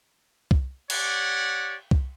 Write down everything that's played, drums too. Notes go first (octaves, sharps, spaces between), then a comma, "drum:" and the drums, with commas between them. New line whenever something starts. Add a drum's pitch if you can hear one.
drum: kick C2
G4 C#5 D5 F#5, drum: cymbal
drum: kick C2